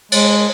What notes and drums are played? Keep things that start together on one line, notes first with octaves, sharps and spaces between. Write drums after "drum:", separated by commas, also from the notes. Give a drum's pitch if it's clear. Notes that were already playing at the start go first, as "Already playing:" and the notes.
G#3, drum: cymbal